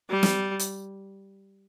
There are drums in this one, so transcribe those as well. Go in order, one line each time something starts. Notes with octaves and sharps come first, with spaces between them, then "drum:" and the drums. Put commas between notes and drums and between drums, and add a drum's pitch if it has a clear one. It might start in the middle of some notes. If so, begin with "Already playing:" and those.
G3
drum: snare
drum: hi-hat